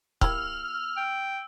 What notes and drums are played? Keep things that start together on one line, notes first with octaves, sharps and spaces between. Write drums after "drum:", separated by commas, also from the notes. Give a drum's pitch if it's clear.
A#3 E4 G4 E6 F6, drum: kick
G5